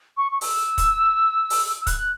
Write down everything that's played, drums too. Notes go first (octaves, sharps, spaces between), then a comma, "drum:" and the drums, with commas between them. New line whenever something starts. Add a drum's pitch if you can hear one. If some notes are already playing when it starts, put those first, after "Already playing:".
C#6
C#6
E6, drum: open hi-hat
drum: kick, hi-hat
drum: open hi-hat
E6
F#6, drum: kick, hi-hat